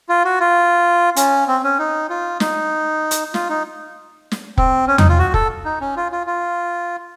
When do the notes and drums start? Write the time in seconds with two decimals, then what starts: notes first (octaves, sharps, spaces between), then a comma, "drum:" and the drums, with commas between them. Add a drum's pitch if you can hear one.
0.09 F4
0.25 F#4
0.40 F4
1.16 C#4, drum: hi-hat
1.48 C4
1.64 C#4
1.79 D#4
2.10 F4
2.40 D#4, drum: snare
3.11 drum: hi-hat
3.34 F4, drum: snare
3.49 D#4
4.32 drum: snare
4.58 C4, drum: kick
4.87 C#4
4.98 D#4, drum: tom E2
5.09 F4
5.19 F#4
5.34 A4, drum: kick
5.65 D#4
5.81 C#4
5.96 F4
6.12 F4
6.27 F4